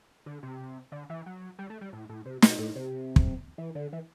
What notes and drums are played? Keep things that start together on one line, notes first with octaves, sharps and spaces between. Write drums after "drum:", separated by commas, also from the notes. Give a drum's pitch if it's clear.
D3
C3
D3
E3
F#3
G3
A3
G3
A2
A2
C3
B2, drum: snare
A2
C3
drum: kick
E3
D3
E3